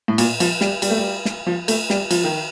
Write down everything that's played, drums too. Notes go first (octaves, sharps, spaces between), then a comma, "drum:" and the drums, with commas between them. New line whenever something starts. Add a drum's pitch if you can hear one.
A2
A#2, drum: cymbal
F3, drum: cymbal
G3, drum: snare
G3, drum: cymbal
A3
G3
drum: snare
F3
A3, drum: cymbal
G3, drum: snare
F3, drum: cymbal
D#3